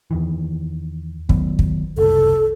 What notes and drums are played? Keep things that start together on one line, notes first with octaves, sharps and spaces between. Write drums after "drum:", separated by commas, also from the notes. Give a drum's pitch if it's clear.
E2 D#3 E3
D#3 F#3 B3, drum: kick
drum: kick
F#1 C2 A4